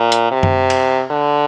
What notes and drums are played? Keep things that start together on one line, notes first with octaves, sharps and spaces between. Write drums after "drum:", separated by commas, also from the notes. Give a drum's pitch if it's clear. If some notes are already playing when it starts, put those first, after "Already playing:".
Already playing: A#2
drum: hi-hat
C3
drum: tom F#2
drum: cymbal
D3